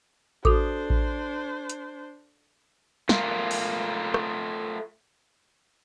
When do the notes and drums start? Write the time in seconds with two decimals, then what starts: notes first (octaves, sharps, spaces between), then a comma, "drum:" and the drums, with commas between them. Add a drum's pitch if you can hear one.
0.45 D4 F#4 A4 C5 D6, drum: kick A1
0.90 drum: kick A1
1.69 drum: hi-hat
3.09 A3 F4 A#4, drum: snare
3.51 drum: open hi-hat
4.14 drum: rim click